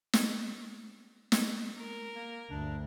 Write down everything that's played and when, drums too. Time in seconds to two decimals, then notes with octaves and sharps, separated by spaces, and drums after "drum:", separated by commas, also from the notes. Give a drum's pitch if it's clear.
0.13 drum: snare
1.32 drum: snare
1.78 A#4
2.15 A#3
2.50 D2 G2 D4